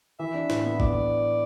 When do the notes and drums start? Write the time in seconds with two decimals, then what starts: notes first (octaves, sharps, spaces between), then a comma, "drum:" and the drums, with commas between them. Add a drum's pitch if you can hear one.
0.19 E3 E5
0.34 D4
0.50 A2, drum: snare
0.65 B3
0.80 E3 D5, drum: kick G#1